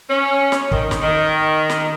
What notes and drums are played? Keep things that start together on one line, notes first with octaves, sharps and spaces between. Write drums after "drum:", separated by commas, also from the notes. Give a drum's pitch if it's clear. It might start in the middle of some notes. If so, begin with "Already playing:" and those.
C#4
drum: snare
D#3, drum: kick
drum: snare
D#3
drum: snare